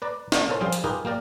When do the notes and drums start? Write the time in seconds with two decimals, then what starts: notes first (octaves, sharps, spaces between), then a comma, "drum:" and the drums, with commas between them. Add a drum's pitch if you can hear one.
0.02 B4 D5 A#5
0.32 D4, drum: snare
0.48 C#4 A4 A#4 C5
0.61 F3 G3 F4 G#4 C5 F5
0.73 drum: hi-hat
0.84 D#4 F4 G4 G#4 A#4 B4
1.05 A#3 G4 A#4 D5